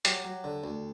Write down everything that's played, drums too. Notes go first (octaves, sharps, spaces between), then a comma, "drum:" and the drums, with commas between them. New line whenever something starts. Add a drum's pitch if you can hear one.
F#3 G4, drum: hi-hat
F#3
D3
D2